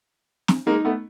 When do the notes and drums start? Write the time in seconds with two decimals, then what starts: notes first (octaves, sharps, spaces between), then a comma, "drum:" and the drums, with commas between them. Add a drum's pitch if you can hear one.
0.48 drum: snare
0.67 G#3 A#3 D#4
0.85 A3 B3